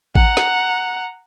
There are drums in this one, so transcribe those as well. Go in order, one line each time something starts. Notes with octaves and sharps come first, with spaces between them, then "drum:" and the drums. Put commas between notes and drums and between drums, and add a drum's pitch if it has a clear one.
F#5 A#5, drum: kick A1
drum: snare